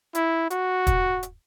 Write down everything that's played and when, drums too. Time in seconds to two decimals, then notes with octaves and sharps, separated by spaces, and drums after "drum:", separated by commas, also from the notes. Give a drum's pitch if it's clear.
0.15 E4, drum: hi-hat
0.50 F#4, drum: hi-hat
0.87 drum: kick, hi-hat
1.23 drum: hi-hat